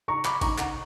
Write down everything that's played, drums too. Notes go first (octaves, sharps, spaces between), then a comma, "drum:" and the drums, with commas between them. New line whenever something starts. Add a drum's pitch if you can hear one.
A#5 C#6
B5 D6, drum: clap
A#5 C#6, drum: kick G#1, cymbal
F#5 A#5, drum: clap